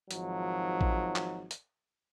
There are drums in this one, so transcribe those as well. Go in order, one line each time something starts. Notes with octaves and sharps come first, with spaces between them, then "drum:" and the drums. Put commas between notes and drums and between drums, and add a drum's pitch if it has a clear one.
G#1 F3 F#3 D#4, drum: hi-hat
drum: kick A1
drum: clap
drum: hi-hat